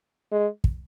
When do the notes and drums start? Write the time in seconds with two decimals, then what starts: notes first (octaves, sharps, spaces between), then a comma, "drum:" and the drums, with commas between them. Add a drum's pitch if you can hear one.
0.32 G#3
0.64 drum: kick